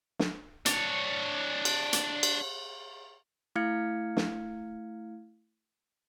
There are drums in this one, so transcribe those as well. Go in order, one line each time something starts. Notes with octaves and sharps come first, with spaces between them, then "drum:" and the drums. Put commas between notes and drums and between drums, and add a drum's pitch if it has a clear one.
drum: snare
D4 C#5, drum: hi-hat
drum: cymbal
drum: hi-hat
drum: cymbal
A3 E4 F5 F6 G#6 C#7
drum: snare